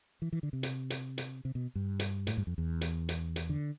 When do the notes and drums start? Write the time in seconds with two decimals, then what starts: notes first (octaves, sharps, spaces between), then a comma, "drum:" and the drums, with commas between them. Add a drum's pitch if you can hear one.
0.22 E3
0.33 E3
0.43 D3
0.53 C3
0.63 drum: hi-hat
0.90 drum: hi-hat
1.18 drum: hi-hat
1.45 C3
1.55 B2
1.75 G2
1.99 drum: hi-hat
2.27 A2, drum: hi-hat
2.37 G2
2.47 F2
2.58 E2
2.81 drum: hi-hat
3.09 drum: hi-hat
3.36 drum: hi-hat
3.49 D3